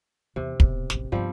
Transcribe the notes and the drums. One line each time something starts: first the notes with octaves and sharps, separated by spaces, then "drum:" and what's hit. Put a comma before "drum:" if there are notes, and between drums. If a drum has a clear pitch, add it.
E2 C3
G#2 B2, drum: kick
A1 F#2, drum: snare
G2 F3 G3 B3 C4